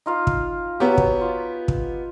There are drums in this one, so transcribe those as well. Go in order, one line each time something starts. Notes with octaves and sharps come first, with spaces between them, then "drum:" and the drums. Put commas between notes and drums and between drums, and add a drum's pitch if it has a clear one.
D#4 F4 F5
drum: kick
F#3 B3 G4
drum: kick
F4
drum: kick